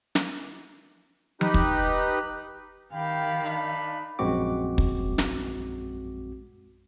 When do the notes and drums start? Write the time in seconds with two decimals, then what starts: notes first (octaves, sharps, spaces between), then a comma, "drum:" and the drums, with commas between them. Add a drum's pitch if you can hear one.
0.15 drum: snare
1.41 D#4 G4 B4, drum: tom F3
1.54 drum: kick
2.93 D#3 G4 F5 G5 B5
3.46 D4 D#4 B5, drum: hi-hat
4.19 A#1 F#2 G#3 C4 F#4 D6
4.78 drum: kick
5.18 drum: snare